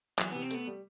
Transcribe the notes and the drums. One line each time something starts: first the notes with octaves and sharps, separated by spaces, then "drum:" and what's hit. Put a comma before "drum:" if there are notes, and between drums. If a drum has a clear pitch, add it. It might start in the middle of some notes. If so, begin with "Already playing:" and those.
E3 F#3, drum: clap
C3 B3
C4
A3 B3, drum: hi-hat
G3